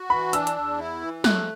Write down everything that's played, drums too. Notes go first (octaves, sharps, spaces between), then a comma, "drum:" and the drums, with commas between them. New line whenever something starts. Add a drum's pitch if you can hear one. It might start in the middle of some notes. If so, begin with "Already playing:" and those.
Already playing: F#4
E3 B5
D4 E6, drum: hi-hat
drum: hi-hat
E2
E4
E3
A3 F#6, drum: snare